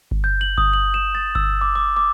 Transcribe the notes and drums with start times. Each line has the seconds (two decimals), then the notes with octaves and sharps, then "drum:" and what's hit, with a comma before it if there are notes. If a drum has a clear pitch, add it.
0.11 drum: kick G1
0.24 G6
0.41 F#7
0.58 D#6, drum: kick G1
0.73 F#7
0.94 E7
1.15 A6
1.35 E6, drum: kick G1
1.61 D6
1.75 D6
1.97 D6